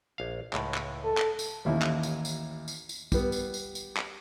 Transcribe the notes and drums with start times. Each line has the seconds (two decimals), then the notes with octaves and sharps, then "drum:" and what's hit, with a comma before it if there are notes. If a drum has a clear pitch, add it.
0.18 A#1 F5
0.53 C#2 A2, drum: clap
0.74 drum: clap
1.04 A4
1.17 drum: clap
1.39 drum: tambourine
1.65 A1 D#2 E4
1.82 drum: clap
2.03 drum: tambourine
2.25 drum: tambourine
2.68 drum: tambourine
2.89 drum: tambourine
3.12 G3 B3, drum: kick, tambourine
3.32 drum: tambourine
3.54 drum: tambourine
3.75 drum: tambourine
3.97 drum: clap